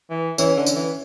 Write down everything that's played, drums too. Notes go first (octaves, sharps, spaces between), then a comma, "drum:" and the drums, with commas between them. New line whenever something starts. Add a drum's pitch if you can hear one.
E3
E3 C#4, drum: tambourine
D3
drum: tambourine
E3